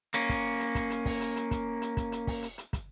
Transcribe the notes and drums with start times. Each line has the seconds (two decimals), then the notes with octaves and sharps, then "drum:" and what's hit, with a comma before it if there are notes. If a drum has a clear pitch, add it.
0.14 A#3 C#4, drum: hi-hat
0.29 drum: kick, hi-hat
0.60 drum: hi-hat
0.75 drum: kick, hi-hat
0.90 drum: hi-hat
1.05 drum: kick, open hi-hat
1.21 drum: hi-hat
1.36 drum: hi-hat
1.51 drum: kick, hi-hat
1.82 drum: hi-hat
1.97 drum: kick, hi-hat
2.12 drum: hi-hat
2.27 drum: kick, open hi-hat
2.43 drum: hi-hat
2.58 drum: hi-hat
2.73 drum: kick, hi-hat